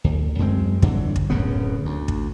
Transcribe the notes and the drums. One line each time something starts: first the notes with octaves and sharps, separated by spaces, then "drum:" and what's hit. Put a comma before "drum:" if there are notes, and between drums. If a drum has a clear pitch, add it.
D2
F#2 G#3 C4
G2 D3 E3 F#3, drum: kick
drum: kick
D1 F#2 C#3 B3
D2
drum: kick